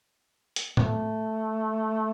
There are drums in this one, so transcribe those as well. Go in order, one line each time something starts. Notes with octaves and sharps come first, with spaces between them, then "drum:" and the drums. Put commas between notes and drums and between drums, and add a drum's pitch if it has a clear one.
drum: hi-hat
A3, drum: tom A2